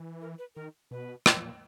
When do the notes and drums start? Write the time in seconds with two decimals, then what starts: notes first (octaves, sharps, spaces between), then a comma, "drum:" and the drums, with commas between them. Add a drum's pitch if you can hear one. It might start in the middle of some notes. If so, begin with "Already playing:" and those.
Already playing: E3
0.21 A#4
0.38 B4
0.56 D#3 A#4
0.91 B2 B4
1.26 A#2, drum: rim click